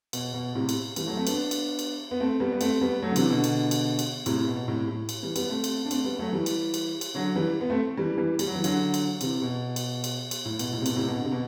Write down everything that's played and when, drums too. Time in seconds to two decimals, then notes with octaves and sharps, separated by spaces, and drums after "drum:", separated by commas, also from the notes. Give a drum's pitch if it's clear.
0.13 B2, drum: cymbal
0.34 B2
0.55 A2 C3
0.69 drum: cymbal
0.96 E3 G3, drum: cymbal
1.06 F#3 A3
1.16 A3 C4
1.27 B3 D4, drum: cymbal
1.51 drum: cymbal
1.79 drum: cymbal
2.11 B3
2.20 A3 C4
2.40 G3 B3
2.52 B3
2.61 A3 C4, drum: cymbal
2.81 G3 B3
3.02 F#3 A3
3.11 D3
3.16 C3 E3, drum: cymbal
3.30 B2 D3
3.44 drum: cymbal
3.71 drum: cymbal
3.99 drum: cymbal
4.26 A2 C3, drum: cymbal
4.47 B2
4.68 A2 C3
4.88 A2
5.09 drum: cymbal
5.23 E3 G3
5.36 G3 B3, drum: cymbal
5.49 A3 C4
5.64 drum: cymbal
5.85 D4
5.91 A3 C4, drum: cymbal
6.04 G3 B3
6.19 F#3 A3
6.32 E3 G3
6.46 drum: cymbal
6.74 drum: cymbal
7.01 drum: cymbal
7.14 D3 F#3
7.35 E3 G3
7.61 B3
7.70 A3 C4
7.97 E3 G3
8.18 E3 G3
8.39 G3, drum: cymbal
8.47 F#3
8.55 E3
8.64 D3 F#3, drum: cymbal
8.94 drum: cymbal
9.21 C3 E3, drum: cymbal
9.42 B2
9.76 drum: cymbal
10.04 drum: cymbal
10.31 drum: cymbal
10.45 A2
10.59 B2, drum: cymbal
10.73 A2
10.81 C3
10.86 B2, drum: cymbal
10.96 A2 C3
11.08 B2
11.18 D3
11.24 C3
11.32 B2